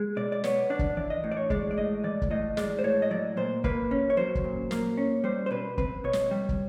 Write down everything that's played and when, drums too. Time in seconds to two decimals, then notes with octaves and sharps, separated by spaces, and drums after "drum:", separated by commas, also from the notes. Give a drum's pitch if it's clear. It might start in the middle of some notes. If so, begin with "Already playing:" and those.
Already playing: G#3
0.16 B2 D5
0.32 D5
0.44 B3 C#5, drum: snare
0.70 D4 D5
0.79 drum: kick
0.97 E3 D5
1.10 D#5
1.24 A2
1.32 D5
1.37 C#5
1.50 G#3 D5, drum: kick
1.71 D5
1.77 A2 D#5
2.04 E3 D5
2.22 drum: kick
2.31 A2 D#5
2.57 G#3 D5, drum: snare
2.79 C5
2.84 A2 C#5
3.02 D#5
3.11 F#3 D5
3.37 A#2 C5
3.64 A#3 B4, drum: kick
3.91 C#4
4.10 C#5
4.17 F#3 C5
4.35 drum: kick
4.44 A#2
4.71 A#3, drum: snare
4.97 C#4
5.24 G3 C5
5.46 C5
5.51 B2 B4
5.78 C4 B4, drum: kick
6.04 B2 C#5
6.13 drum: snare
6.31 G3
6.49 drum: kick